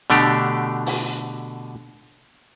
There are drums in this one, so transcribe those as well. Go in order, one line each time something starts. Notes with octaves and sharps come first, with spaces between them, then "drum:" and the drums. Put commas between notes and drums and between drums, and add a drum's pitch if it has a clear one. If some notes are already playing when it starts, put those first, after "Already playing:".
B2 D3 A3 D4 G4
drum: open hi-hat